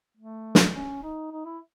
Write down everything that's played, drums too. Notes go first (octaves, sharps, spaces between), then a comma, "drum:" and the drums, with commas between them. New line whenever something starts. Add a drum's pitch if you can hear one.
A3
drum: snare
C#4
D#4
D#4
E4